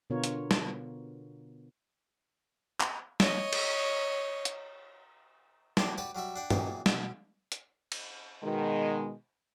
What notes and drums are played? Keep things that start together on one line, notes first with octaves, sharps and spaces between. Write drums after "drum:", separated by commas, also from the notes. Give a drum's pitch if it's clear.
B2 D3 B3 F4 A#4 C#5
drum: hi-hat
drum: snare
drum: clap
C#5 D#5, drum: snare
drum: cymbal
drum: hi-hat
E2 F#3 D4 G4 A#5 C6, drum: snare
F#4 G4 B4 D5 A5
F#3 G3 F#4 E5
D4 F#5 G5
F#2 A#2 E3 G#4 G5 A5, drum: tom
B2, drum: snare
drum: hi-hat
drum: cymbal
B2 D#3 G#3